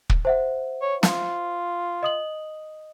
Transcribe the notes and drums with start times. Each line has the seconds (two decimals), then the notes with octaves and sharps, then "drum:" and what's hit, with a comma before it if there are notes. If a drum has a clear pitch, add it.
0.10 drum: kick
0.25 C5 E5 F#5
0.82 C#5
1.03 F4, drum: snare
2.03 D#5 D#6 F#7